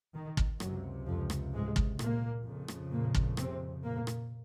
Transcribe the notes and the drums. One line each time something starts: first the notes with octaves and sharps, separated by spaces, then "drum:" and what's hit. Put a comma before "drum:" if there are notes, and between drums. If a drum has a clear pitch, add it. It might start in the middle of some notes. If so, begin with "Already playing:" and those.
D#3
drum: kick
C#2 F#2 C3 F#3, drum: rim click
F2 F3
drum: rim click
G#2 G#3
drum: kick
A#2 A#3, drum: rim click
F2 C#3
drum: rim click
A#2 A#3
drum: kick
C3 C4, drum: rim click
A#2 A#3
drum: rim click